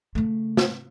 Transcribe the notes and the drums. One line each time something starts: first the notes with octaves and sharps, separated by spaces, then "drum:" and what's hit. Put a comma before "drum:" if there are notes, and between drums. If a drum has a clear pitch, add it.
C#3 A3
drum: snare